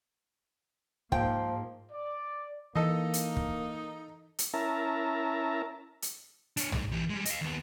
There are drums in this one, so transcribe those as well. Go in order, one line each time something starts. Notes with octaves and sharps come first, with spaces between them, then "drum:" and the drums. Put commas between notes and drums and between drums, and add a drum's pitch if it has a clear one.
G#2 F3 A#3 G5, drum: kick
D5
E3 A#3 D#4 A4 D#5
drum: hi-hat
drum: kick
drum: hi-hat
C#4 E4 A#4 E5 A5 A#5
drum: hi-hat
D4 C#5, drum: hi-hat
G#2, drum: tom
E3 G4
G3 G#3
D#5 F5, drum: hi-hat
D#2 B3